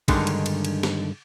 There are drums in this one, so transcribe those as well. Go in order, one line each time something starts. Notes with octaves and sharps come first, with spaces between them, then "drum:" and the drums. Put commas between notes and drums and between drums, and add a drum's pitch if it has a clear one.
G2 D3 D#3 G#3 D#4, drum: kick A#1, cymbal
drum: cymbal
drum: cymbal
drum: cymbal
drum: snare